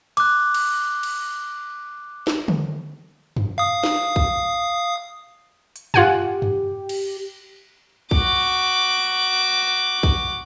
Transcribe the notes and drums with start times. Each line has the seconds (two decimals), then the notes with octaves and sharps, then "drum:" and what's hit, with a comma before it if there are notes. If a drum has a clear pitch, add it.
0.17 D6 F#6, drum: cymbal
0.54 drum: cymbal
1.03 drum: cymbal
2.27 drum: snare
2.48 drum: tom D3
3.36 drum: tom F#2
3.58 F5 D#6
3.84 drum: snare
4.16 drum: kick
5.76 drum: hi-hat
5.94 F4 G4 F#5 G#5, drum: tom F#2
6.42 drum: tom F#2
6.89 drum: cymbal
8.11 F#4 D6, drum: kick
10.03 drum: kick